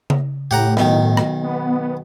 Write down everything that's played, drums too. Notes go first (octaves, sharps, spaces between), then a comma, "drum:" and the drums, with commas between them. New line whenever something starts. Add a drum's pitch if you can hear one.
drum: tom C#3
A2 G4 F#5 A#5
B1 D#3, drum: snare
drum: rim click
B3